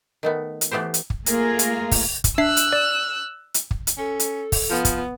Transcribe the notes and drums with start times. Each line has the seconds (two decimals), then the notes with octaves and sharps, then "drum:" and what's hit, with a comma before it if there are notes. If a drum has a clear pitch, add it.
0.23 D#3 A3 B3
0.61 drum: hi-hat
0.71 E3 A3 B3 G4 C5
0.94 drum: hi-hat
1.10 drum: kick
1.26 A3 A#3 F4 G#4 A#4, drum: hi-hat
1.59 drum: hi-hat
1.91 drum: kick, open hi-hat
2.24 drum: kick, hi-hat
2.38 D4 E5 E6 F#6 C7
2.57 drum: hi-hat
2.73 D5
3.54 drum: hi-hat
3.71 drum: kick
3.87 drum: hi-hat
3.97 C#4 A4
4.20 drum: hi-hat
4.52 drum: kick, open hi-hat
4.70 F3 B3
4.85 drum: kick, hi-hat